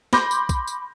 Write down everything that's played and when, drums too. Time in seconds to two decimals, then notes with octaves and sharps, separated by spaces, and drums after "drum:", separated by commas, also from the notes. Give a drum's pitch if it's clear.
0.13 B5 C6 D6 G6 A#6, drum: snare
0.31 drum: tambourine
0.49 drum: kick A#1, tambourine
0.67 drum: tambourine